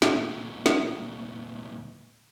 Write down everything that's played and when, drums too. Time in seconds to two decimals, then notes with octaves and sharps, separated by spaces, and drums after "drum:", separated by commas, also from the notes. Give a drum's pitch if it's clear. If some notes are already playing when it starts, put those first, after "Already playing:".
0.02 D2 A#2, drum: snare
0.66 drum: snare